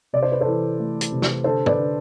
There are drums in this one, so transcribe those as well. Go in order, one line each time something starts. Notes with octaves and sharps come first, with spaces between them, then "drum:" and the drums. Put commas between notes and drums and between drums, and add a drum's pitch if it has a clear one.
C3 D5
C5
B4
A4 C5
E3
A3
drum: hi-hat
C3
drum: snare
D3 A4 C5
B4 D5, drum: tom
D3